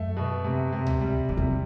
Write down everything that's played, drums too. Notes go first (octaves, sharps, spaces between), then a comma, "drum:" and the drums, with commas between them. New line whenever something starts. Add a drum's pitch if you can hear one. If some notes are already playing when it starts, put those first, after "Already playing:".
Already playing: F#2 A3
B2
C3
C3
drum: tom C#2
G3
F#2 C3
E2